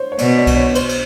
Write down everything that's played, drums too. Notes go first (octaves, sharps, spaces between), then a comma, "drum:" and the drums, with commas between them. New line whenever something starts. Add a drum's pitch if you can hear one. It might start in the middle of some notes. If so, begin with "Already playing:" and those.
Already playing: C5 C#5
C#5
B2 D5, drum: cymbal
D5
drum: kick C2, cymbal
C#5
C5, drum: cymbal
drum: cymbal